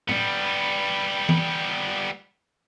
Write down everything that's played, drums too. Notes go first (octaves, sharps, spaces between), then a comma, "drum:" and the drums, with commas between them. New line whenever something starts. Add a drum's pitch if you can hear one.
G3 B3, drum: tom
drum: tom E3